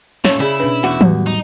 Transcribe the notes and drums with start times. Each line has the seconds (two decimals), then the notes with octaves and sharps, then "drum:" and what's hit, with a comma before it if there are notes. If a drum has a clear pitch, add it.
0.25 A#2 A3 C#4 C#5, drum: snare
0.40 C#3 E4 G#4 D5
0.60 B2 C#4 D4 B4
0.84 E2 F#4
1.01 A2 F#3 G3, drum: tom
1.27 D#4